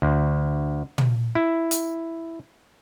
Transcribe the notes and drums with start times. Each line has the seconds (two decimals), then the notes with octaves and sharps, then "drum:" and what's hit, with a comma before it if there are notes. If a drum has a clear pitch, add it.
0.02 D2
0.98 drum: tom
1.35 E4
1.71 drum: hi-hat